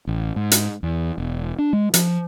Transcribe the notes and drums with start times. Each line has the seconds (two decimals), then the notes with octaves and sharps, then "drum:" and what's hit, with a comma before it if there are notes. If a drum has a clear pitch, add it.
0.07 A1
0.36 G#2
0.51 drum: hi-hat
0.83 E2
1.18 E1
1.59 D4
1.73 G#3
1.94 F3, drum: hi-hat